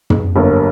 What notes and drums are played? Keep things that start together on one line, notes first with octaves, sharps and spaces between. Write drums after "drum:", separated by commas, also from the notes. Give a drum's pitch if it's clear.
drum: tom
G1 G2 D3 F#3 A#3